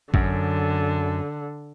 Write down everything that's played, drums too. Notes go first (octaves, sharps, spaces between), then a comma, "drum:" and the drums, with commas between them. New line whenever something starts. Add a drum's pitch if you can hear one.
F#2 D3, drum: kick